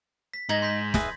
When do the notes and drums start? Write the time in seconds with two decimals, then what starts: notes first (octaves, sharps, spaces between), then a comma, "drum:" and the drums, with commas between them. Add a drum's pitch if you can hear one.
0.34 B6
0.49 G#2 D#4 G#6 A#6 F#7
0.62 C6 G6 B6
0.94 G#4 B4 E5, drum: snare